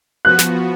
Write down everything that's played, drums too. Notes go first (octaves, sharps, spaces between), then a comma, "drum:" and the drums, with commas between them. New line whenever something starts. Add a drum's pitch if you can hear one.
F3 B3 F#4 F#6
drum: snare